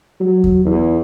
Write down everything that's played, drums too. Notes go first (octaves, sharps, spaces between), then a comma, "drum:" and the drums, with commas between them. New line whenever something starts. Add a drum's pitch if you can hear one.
F#3
drum: kick E2
E2